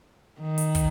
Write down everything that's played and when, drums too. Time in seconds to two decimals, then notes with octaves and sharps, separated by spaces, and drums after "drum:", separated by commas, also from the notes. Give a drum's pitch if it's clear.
0.41 D#3
0.58 drum: hi-hat
0.75 drum: kick, hi-hat